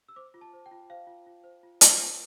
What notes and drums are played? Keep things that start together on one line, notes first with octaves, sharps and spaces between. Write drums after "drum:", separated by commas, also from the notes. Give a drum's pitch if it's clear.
E6
C5 D6
F4
A5
C5
G5
F4
C5 F5
F4
F4
C5
F4
F4, drum: hi-hat
C5